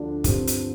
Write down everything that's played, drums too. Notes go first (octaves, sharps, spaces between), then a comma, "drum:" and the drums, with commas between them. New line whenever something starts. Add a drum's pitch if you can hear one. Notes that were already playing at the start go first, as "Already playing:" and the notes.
Already playing: D2 D3 F3 D4
G2 D3 F3 C4, drum: kick, hi-hat
drum: hi-hat